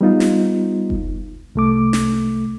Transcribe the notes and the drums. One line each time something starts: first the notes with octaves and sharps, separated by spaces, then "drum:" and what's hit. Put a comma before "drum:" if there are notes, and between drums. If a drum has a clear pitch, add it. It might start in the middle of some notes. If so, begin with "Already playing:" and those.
G3 B3 D#4 F4
drum: snare
drum: kick F1
C2 A3 D6
drum: snare